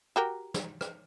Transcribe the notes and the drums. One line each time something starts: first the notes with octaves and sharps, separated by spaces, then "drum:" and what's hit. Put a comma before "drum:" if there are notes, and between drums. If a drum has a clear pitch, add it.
F#4 G4 A#4
drum: snare
drum: rim click